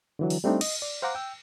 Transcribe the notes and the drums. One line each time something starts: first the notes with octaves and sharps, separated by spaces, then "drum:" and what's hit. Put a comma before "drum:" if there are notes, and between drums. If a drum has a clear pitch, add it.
D3 E3 F#3
drum: open hi-hat
G3 A3 C4 D4 D#4
D#5, drum: cymbal
D5
C5 F5 F#5 A#5 D6 F#6
G5 E6